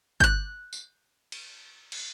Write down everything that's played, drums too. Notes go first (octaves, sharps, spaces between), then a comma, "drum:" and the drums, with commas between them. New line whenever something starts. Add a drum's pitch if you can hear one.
F#6 G6, drum: kick G1
drum: tambourine
drum: cymbal
drum: cymbal